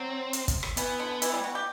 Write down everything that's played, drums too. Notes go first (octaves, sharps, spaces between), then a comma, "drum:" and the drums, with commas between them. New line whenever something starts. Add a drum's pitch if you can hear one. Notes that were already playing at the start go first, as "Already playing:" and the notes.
Already playing: F#3 C4
drum: hi-hat
drum: kick, hi-hat
drum: rim click
E3 B3, drum: hi-hat
D3
E3, drum: hi-hat
G3
F#4
G4